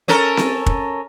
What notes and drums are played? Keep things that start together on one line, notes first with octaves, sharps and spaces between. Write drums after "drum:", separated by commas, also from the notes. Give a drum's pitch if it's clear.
C#4 A4 A#4
drum: snare C4
drum: kick